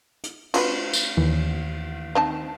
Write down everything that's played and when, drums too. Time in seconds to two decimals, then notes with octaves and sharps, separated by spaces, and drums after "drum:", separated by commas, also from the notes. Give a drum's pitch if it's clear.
0.23 drum: hi-hat
0.54 F4 F#4 B4, drum: cymbal
0.93 drum: tambourine
1.17 D#2 E3
2.15 C4 D#4 A5